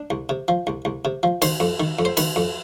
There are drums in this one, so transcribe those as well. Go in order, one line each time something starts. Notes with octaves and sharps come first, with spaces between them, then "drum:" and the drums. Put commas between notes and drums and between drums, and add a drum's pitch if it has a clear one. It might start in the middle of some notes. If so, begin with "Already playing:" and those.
Already playing: D4
C2
C3
F3
C2
C2
C3
F3
D#3 C5, drum: cymbal
F2
D#3
F2
C5
D#3 B4, drum: cymbal
F2